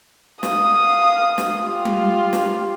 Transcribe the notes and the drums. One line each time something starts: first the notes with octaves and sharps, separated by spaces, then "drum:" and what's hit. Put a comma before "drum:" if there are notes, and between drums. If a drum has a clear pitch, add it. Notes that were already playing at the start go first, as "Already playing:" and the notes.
F5 D#6, drum: snare
drum: snare
F4 G4
drum: tom G3
drum: snare